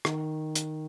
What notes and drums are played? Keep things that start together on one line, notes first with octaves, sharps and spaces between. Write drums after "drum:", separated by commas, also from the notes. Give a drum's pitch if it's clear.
D#3, drum: rim click
drum: hi-hat